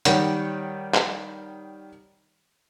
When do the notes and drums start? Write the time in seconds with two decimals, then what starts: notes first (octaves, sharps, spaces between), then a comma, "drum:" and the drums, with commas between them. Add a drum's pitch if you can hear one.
0.05 D#3 G3 C#5 F#5, drum: hi-hat
0.94 drum: clap